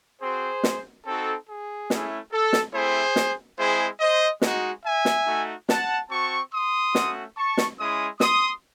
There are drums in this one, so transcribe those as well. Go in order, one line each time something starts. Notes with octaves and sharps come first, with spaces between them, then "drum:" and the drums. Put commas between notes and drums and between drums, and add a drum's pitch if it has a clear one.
C4 F#4 G#4 C5
drum: snare
C4 D#4 F#4 A4
G#4
A3 C#4 E4, drum: snare
A4
drum: snare
A3 C4 E4 G#4 C5
drum: snare
G#3 C4 E4 G#4 C5
C5 D#5
G#3 D#4 F#4, drum: snare
E5 G#5
drum: snare
A3 D#4 F#4
F#5 A5, drum: snare
C4 F#4 A5 C#6
C6 D#6
A3 C#4 F#4, drum: snare
A5 C#6
drum: snare
G#3 C#4 E4 C6 D#6
C6 D#6, drum: snare